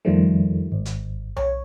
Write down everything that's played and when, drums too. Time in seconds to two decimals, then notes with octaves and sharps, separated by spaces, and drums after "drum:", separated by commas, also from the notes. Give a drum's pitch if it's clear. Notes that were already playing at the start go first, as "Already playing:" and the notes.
0.05 F2 D#3 F3 G3 A3
0.72 G#1
0.85 drum: hi-hat
1.37 C#5, drum: tom B1